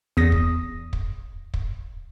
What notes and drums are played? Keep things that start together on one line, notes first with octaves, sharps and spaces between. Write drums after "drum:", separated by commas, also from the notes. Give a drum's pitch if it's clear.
E2 D#6 A#6
drum: kick
drum: kick
drum: kick